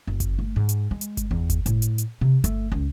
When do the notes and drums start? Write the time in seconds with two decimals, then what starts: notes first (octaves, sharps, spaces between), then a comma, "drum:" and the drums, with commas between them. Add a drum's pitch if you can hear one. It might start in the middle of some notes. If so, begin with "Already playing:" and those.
0.07 F#1
0.20 drum: kick G1, hi-hat
0.39 A3
0.56 G#2
0.69 drum: hi-hat
0.91 G#3
1.01 drum: hi-hat
1.17 drum: kick G1, hi-hat
1.31 E2
1.50 drum: kick G1, hi-hat
1.66 A2, drum: hi-hat
1.82 drum: hi-hat
1.98 drum: hi-hat
2.21 C3
2.44 A3, drum: kick G1, hi-hat
2.72 C#2